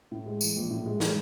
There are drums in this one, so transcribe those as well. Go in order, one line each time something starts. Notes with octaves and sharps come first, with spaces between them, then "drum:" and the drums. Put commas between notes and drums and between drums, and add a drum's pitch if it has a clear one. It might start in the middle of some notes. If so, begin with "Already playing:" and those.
A2
G#3
E3, drum: tambourine
A#1
A2
G#3
E3, drum: snare